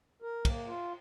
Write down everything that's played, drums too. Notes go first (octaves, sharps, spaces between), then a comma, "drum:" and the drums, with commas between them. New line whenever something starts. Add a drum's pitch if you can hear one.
A#4
A#3, drum: kick, cymbal
F4